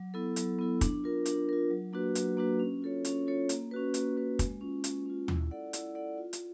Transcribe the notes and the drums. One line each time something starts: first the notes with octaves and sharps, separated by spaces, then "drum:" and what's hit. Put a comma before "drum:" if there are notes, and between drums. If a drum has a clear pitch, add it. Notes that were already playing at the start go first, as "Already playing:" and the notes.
Already playing: F#3
B3 E4 A4
F#3, drum: hi-hat
B3 E4 A4
D4, drum: kick, hi-hat
F4 A#4
D4, drum: hi-hat
F4 A#4
F#3
A#3 D4 F#4 B4
F#3, drum: hi-hat
A#3 D4 F#4 B4
C#4
F4 A4 C#5
C#4, drum: hi-hat
F4 A4 C#5
A#3, drum: hi-hat
C#4 F#4 B4
A#3, drum: hi-hat
C#4 F#4 B4
G#3, drum: kick, hi-hat
C#4 F4
G#3, drum: hi-hat
C#4 F4
E4, drum: tom D#2
A4 D5 F#5
E4, drum: hi-hat
A4 D5 F#5
F4
drum: hi-hat